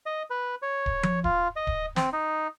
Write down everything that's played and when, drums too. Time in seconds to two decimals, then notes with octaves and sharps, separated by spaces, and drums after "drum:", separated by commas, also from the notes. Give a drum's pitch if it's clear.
0.06 D#5
0.30 B4
0.62 C#5
0.86 drum: kick D1
1.03 drum: tom F3
1.24 F4, drum: kick D1
1.56 D#5
1.67 drum: kick D1
1.96 C4, drum: snare
2.13 D#4